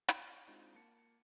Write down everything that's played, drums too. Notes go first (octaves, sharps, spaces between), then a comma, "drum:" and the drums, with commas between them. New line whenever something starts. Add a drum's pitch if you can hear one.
F5 G5 A5 C#6 D6 F6, drum: hi-hat
G#3 C4 D4 D#4 F4 F#4
A#3 A5 C#7